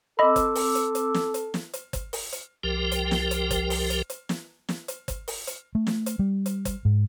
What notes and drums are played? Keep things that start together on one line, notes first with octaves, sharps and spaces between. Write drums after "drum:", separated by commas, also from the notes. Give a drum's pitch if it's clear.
C4 A4 D#5 B5 D6 E6
drum: kick G1, hi-hat
drum: open hi-hat
drum: hi-hat
drum: hi-hat
drum: snare
drum: hi-hat
drum: snare
drum: hi-hat
drum: kick G1, hi-hat
drum: open hi-hat
drum: hi-hat
C2 F3 G4 A#4 G5
drum: hi-hat
drum: snare
drum: hi-hat
drum: kick G1, hi-hat
drum: open hi-hat
drum: hi-hat
drum: hi-hat
drum: snare
drum: snare
drum: hi-hat
drum: kick G1, hi-hat
drum: open hi-hat
drum: hi-hat
A3
drum: snare
drum: hi-hat
G3
drum: hi-hat
drum: kick G1, hi-hat
G#2